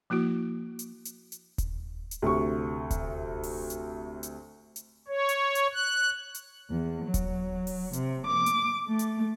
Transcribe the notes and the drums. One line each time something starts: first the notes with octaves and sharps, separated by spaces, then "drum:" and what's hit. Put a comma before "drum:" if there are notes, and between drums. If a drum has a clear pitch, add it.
F3 A#3 E4 F#4
drum: hi-hat
drum: hi-hat
drum: hi-hat
drum: kick D#1, hi-hat
drum: hi-hat
D2 C3 C#6
drum: kick D#1, hi-hat
drum: open hi-hat
drum: hi-hat
drum: hi-hat
drum: hi-hat
C#5
drum: hi-hat
drum: hi-hat
F#6
drum: hi-hat
E2
F#3
drum: kick D#1, hi-hat
drum: open hi-hat
C3, drum: hi-hat
D6
drum: hi-hat
A3
drum: hi-hat